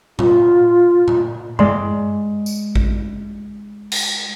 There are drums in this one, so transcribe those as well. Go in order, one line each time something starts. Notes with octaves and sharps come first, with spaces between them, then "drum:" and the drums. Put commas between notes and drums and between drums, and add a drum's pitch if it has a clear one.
F4, drum: tom A#2
drum: tom A#2
G#3 D5 C6, drum: tom G2
drum: tambourine
drum: kick A1
drum: cymbal